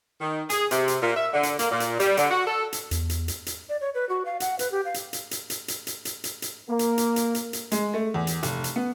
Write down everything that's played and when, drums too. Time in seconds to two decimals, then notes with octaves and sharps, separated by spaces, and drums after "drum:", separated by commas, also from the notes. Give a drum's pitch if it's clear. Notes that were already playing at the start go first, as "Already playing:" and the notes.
0.20 D#3
0.50 G#4, drum: hi-hat
0.71 C3, drum: hi-hat
0.88 drum: hi-hat
1.02 A#2
1.16 E5
1.33 D3
1.43 drum: hi-hat
1.59 A#3, drum: hi-hat
1.71 A#2
1.80 drum: hi-hat
2.00 G3, drum: hi-hat
2.17 D3, drum: hi-hat
2.30 F#4
2.47 A4
2.73 drum: hi-hat
2.91 E2, drum: hi-hat
3.10 drum: hi-hat
3.28 drum: hi-hat
3.46 drum: hi-hat
3.69 D5
3.81 C#5
3.95 B4
4.09 F#4
4.25 F5
4.40 F#5, drum: hi-hat
4.59 B4, drum: hi-hat
4.72 G4
4.85 F5
4.94 drum: hi-hat
5.13 drum: hi-hat
5.31 drum: hi-hat
5.50 drum: hi-hat
5.68 drum: hi-hat
5.87 drum: hi-hat
6.05 drum: hi-hat
6.24 drum: hi-hat
6.42 drum: hi-hat
6.69 A#3
6.79 drum: hi-hat
6.98 drum: hi-hat
7.16 drum: hi-hat
7.35 drum: hi-hat
7.53 drum: hi-hat
7.72 G#3, drum: hi-hat
7.94 A3
8.14 E2
8.27 drum: hi-hat
8.43 F1, drum: hi-hat
8.64 drum: hi-hat
8.76 B3